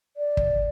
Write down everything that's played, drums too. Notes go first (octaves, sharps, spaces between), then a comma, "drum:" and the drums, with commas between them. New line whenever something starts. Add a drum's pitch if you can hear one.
D5
drum: kick